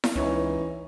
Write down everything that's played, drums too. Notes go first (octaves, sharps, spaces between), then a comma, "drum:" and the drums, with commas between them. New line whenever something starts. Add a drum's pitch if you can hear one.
drum: snare E4
C#2 E3 C#4 D#4